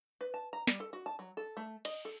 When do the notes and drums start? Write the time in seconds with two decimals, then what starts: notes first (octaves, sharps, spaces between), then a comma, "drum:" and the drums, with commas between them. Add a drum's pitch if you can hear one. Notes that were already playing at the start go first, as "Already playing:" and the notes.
0.21 B4
0.34 A5
0.53 A#5
0.67 G3, drum: snare
0.80 A4
0.93 F#4
1.06 A5
1.19 F#3
1.37 A4
1.57 A3
1.85 D#5, drum: cymbal
2.05 A4